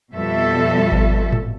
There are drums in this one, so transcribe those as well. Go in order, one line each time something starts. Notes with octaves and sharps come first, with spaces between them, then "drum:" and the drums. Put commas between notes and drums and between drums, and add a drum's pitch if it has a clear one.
F2 B2 F3 G3 A4 E5
drum: kick G#1
drum: tom G#2